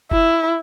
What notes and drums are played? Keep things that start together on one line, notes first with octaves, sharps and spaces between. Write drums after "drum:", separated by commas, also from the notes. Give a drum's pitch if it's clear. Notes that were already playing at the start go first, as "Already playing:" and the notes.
E4, drum: kick F#1